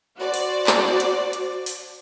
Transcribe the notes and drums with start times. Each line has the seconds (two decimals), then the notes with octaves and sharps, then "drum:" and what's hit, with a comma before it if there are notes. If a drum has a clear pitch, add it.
0.17 F#4 C5 D5
0.34 drum: open hi-hat
0.67 drum: clap
1.00 drum: hi-hat
1.33 drum: hi-hat
1.66 drum: open hi-hat